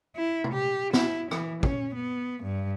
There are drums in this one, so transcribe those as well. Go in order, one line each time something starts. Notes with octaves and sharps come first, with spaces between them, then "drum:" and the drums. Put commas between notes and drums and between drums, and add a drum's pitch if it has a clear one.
E4
drum: tom C3
G4
E4, drum: snare
E3, drum: rim click
C#4, drum: kick
B3
G2